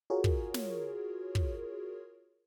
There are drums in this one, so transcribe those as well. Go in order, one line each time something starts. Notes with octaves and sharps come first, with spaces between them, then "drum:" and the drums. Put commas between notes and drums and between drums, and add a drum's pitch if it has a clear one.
F4 F#4 G#4 A#4 C#5
drum: kick
drum: snare
drum: kick